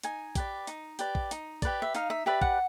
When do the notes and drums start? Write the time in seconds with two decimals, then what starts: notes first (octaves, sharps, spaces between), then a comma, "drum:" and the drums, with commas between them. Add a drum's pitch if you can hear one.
0.03 D#4 G#5, drum: hi-hat
0.35 G4 B4 D5, drum: kick, hi-hat
0.67 D#4, drum: hi-hat
0.99 G4 B4 D5, drum: hi-hat
1.15 drum: kick
1.31 D#4, drum: hi-hat
1.62 G4 B4 D5, drum: kick, hi-hat
1.82 E5
1.95 D#4 F5, drum: hi-hat
2.10 E5
2.26 G4 B4 D5 E5
2.42 F#5, drum: kick